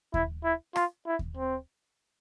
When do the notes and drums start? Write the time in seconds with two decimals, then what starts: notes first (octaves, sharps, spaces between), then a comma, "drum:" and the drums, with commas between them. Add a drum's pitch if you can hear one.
0.14 E4, drum: kick D#2
0.44 E4
0.76 F4, drum: rim click
1.07 E4
1.19 drum: kick D#2
1.37 C4